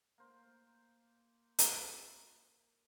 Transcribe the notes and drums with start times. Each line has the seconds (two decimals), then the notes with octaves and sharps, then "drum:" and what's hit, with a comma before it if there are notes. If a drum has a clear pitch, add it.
0.18 A#3 C5
1.59 drum: hi-hat